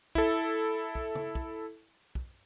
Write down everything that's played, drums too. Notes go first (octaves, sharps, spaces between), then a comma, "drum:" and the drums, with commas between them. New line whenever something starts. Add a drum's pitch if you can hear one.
E4 A4, drum: kick
drum: kick
drum: tom
drum: kick
drum: kick